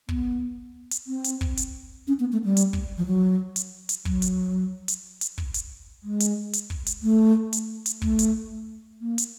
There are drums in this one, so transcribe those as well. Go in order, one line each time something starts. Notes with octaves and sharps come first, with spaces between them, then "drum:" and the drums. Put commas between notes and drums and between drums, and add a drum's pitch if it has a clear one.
B3, drum: kick
drum: hi-hat
C4
drum: hi-hat
drum: kick
drum: hi-hat
C#4
B3
A3
G3
drum: hi-hat
drum: kick
F3
F#3
drum: hi-hat
drum: hi-hat
F#3, drum: kick
drum: hi-hat
drum: hi-hat
drum: hi-hat
drum: kick
drum: hi-hat
G#3
drum: hi-hat
drum: hi-hat
drum: kick
drum: hi-hat
A3
drum: hi-hat
drum: hi-hat
A3, drum: kick
drum: hi-hat
A#3
drum: hi-hat